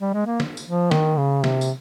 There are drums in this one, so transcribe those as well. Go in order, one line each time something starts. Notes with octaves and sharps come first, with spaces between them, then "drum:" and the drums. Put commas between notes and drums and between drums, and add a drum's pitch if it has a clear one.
G3
G#3
A#3
drum: snare
drum: tambourine
F3
D#3, drum: snare
C#3
C3, drum: snare
drum: tambourine